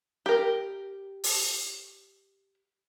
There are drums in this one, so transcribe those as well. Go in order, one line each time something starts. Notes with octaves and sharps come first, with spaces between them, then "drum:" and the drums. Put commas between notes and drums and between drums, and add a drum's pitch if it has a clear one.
G4 A#4
drum: open hi-hat